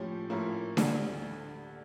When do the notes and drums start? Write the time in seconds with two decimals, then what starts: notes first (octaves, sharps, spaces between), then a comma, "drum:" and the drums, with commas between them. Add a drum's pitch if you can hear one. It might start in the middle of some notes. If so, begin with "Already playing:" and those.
Already playing: A2 F3 C#4 G4
0.30 A2 F3 A#3 C#4 E4
0.77 D2 D3 G3, drum: snare D4